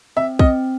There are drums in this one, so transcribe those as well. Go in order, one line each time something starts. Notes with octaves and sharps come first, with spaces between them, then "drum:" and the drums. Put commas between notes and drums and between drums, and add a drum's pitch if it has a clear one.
C4 E5
C4 D#5, drum: kick